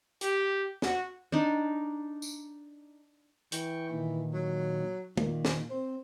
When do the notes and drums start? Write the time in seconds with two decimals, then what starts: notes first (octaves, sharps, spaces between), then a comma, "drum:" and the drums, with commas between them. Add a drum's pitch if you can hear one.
0.21 G4, drum: hi-hat
0.82 F#4, drum: snare
1.32 D4 D#4
2.22 drum: tambourine
3.52 E3 G5 C#6, drum: hi-hat
3.91 A#2 D#3
4.33 F#3
5.17 A#2 D#3, drum: tom
5.45 drum: snare
5.70 C4 C5